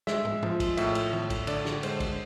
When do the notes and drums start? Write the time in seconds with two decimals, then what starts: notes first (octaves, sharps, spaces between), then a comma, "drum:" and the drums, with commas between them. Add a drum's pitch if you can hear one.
0.07 G#3 E5, drum: snare
0.25 drum: tom
0.43 F3, drum: tom
0.60 drum: kick, cymbal
0.77 A2 E5, drum: cymbal
0.95 drum: cymbal
1.13 A2, drum: tom D#3
1.30 drum: kick, cymbal
1.47 D3 D5, drum: cymbal
1.65 drum: snare
1.83 G#3 C5, drum: cymbal
2.00 drum: kick, cymbal